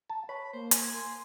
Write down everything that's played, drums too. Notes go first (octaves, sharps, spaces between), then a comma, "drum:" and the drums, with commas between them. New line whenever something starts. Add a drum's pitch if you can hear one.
A5
C#5 B5
A#3 C5
G#5, drum: hi-hat
C6